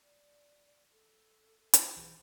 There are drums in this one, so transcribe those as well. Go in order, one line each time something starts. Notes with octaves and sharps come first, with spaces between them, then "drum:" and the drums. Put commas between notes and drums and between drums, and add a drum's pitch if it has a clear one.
D5
A4
drum: hi-hat
B1 E3 G#4